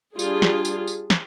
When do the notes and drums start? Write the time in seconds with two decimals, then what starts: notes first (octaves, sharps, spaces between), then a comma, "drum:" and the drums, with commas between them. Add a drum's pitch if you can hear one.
0.19 G3 D4 F4 G#4, drum: tambourine
0.42 drum: snare
0.65 drum: tambourine
0.87 drum: tambourine
1.10 drum: snare